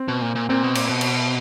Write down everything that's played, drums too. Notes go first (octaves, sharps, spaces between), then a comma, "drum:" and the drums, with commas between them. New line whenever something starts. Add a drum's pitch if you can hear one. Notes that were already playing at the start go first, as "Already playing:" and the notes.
Already playing: C4
B2
A#2
A#2
A#2 C4
B2
A#2, drum: cymbal
B2
drum: cymbal